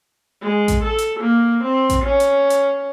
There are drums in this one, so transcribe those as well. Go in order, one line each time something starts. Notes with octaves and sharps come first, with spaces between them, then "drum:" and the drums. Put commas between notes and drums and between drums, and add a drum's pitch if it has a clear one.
G#3
drum: kick A1, hi-hat
A4
drum: hi-hat
A#3
C4
drum: kick A1, hi-hat
C#4
drum: hi-hat
drum: hi-hat